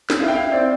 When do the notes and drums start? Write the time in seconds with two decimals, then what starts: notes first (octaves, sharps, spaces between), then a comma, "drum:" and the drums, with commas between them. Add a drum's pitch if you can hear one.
0.10 drum: snare
0.20 E4 F5
0.28 G5
0.35 F5
0.52 C4 D5